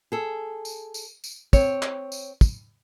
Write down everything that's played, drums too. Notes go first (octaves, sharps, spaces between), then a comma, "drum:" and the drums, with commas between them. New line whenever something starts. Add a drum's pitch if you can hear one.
G#4 A4
drum: tambourine
drum: tambourine
drum: tambourine
C4 C#5, drum: kick, tambourine
drum: clap
drum: tambourine
drum: kick, tambourine